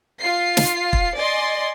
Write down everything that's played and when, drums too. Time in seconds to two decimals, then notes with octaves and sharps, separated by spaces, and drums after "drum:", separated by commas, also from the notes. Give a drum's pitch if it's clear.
0.21 F4 C7
0.57 drum: snare
0.93 drum: kick
1.16 D5 D#5 G#5 C6